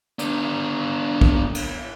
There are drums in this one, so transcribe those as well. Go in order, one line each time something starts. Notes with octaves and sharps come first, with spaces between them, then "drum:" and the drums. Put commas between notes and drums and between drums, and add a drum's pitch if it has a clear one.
B3 D4, drum: hi-hat
drum: kick
drum: cymbal